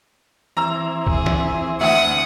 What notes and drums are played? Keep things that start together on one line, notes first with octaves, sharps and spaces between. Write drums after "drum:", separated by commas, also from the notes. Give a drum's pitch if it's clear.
E3 C4 A#5 E6
G#4, drum: kick
drum: snare
D2 E5 F#5 D#6